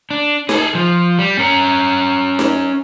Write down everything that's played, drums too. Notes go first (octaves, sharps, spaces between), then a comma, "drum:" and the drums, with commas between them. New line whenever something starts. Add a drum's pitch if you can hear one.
D4
G#4 A4, drum: snare D#4
F3
G3
C#4 A#4
drum: snare D#4